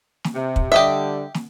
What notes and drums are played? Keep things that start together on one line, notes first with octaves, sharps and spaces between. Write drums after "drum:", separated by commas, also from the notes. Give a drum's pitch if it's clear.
drum: snare
C3
drum: kick
D3 G3 G4 D#5 E5
drum: snare